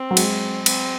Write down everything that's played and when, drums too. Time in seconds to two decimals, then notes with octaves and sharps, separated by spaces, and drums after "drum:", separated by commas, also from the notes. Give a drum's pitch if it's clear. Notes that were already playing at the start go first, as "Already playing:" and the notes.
Already playing: C4
0.11 F#3
0.17 G#3, drum: cymbal
0.66 C4, drum: cymbal